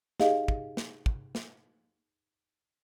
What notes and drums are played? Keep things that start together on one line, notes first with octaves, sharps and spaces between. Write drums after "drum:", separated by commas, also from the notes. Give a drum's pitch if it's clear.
D#4 G4 G#4 D#5 F5, drum: snare
drum: kick
drum: snare
drum: kick
drum: snare